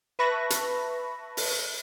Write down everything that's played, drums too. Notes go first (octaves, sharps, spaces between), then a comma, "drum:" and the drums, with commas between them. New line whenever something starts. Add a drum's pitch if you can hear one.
B4 E5 A5 B5 C#6 A#6
drum: hi-hat
drum: open hi-hat